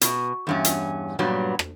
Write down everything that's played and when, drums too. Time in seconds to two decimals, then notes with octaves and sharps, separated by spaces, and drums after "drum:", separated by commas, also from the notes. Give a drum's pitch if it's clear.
0.01 B2, drum: hi-hat
0.47 E2 G2 C#4
0.64 drum: hi-hat
1.19 G2 A#2 F#3 G3 B3
1.59 drum: rim click